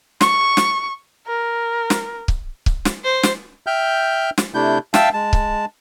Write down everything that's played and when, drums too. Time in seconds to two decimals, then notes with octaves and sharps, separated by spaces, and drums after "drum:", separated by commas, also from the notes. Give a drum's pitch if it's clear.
0.21 C#6, drum: snare
0.57 drum: snare
1.27 A#4
1.90 drum: snare
2.28 drum: kick C#1
2.66 drum: kick C#1
2.85 drum: snare
3.04 C5
3.23 drum: snare
3.67 E5 G5 F6 G6
4.38 drum: snare
4.55 C3 A3 D4 E4 G6
4.94 E5 F5 G5 A5 E6, drum: snare
5.14 G#3 A5
5.33 drum: kick C#1